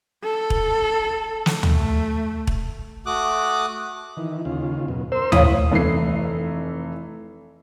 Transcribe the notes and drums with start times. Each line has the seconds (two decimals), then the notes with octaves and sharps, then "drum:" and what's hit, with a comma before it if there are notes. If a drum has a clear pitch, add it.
0.24 A4
0.50 drum: kick
1.46 drum: snare
1.63 A3, drum: tom
2.47 drum: kick
3.06 A3 F#4 D6 D#6 F#6
4.17 D#3 E3
4.45 D#2 C#3 F4
4.88 F#2 B2
5.12 A#4 C5 C6 E6
5.32 F2 A2 E4 A#4 C#5 F5 D#6, drum: tom
5.72 F1 E3 A3 C7